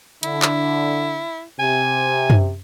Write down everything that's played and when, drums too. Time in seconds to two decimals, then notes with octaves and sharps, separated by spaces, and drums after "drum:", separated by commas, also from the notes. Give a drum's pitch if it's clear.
0.23 D3 E4, drum: hi-hat
0.42 drum: clap
1.59 C3 G#5
2.30 drum: tom F#2